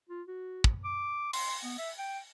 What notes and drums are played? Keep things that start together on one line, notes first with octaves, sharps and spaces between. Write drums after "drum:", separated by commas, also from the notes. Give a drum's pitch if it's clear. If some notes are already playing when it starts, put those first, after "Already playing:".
F4
F#4
drum: kick
D6
C6, drum: open hi-hat
B3
E5
G5